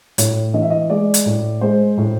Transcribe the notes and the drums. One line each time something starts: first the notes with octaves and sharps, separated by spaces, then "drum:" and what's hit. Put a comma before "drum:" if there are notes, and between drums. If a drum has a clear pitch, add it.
A2 C#5, drum: hi-hat
E3 D#5
E5
D#5
G#3 D5
drum: hi-hat
A2
G#3 C5
A2